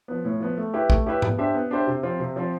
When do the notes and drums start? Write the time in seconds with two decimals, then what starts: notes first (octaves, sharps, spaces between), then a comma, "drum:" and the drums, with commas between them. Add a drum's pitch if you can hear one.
0.08 F3 B3
0.25 A2
0.40 F3 B3
0.57 A3
0.74 E4 G4 B4 E5
0.90 A3, drum: kick
1.06 E4 G4 B4 E5
1.22 B3, drum: tom G#2
1.38 D4 G4 C5 E5
1.54 B3
1.71 D4 G4 C5 E5
1.87 C3
2.03 F3 C4 F4
2.20 C3
2.36 F3 C4 F4